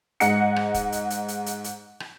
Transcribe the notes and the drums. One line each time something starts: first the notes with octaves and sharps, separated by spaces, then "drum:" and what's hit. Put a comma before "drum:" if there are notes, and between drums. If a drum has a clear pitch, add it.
G#2 D#5 F#5 C#7, drum: hi-hat
drum: rim click
drum: kick, hi-hat
drum: hi-hat
drum: hi-hat
drum: hi-hat
drum: hi-hat
drum: hi-hat
drum: rim click